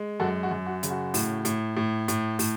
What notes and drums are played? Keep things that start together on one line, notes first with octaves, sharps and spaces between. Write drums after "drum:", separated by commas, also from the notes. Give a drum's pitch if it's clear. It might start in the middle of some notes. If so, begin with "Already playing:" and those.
Already playing: G#3
F#2 F#4 A4
F#4
F#2
F#4
C#3, drum: hi-hat
F#4
A2, drum: open hi-hat
A2, drum: hi-hat
A2
A2, drum: hi-hat
A2, drum: open hi-hat